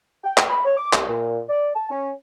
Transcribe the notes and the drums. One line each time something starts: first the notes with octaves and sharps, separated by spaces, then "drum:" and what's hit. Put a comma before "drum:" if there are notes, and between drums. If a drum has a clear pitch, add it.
G5
drum: clap
B5
C#5
D6
C2, drum: clap
A#2
D5
A5
C#4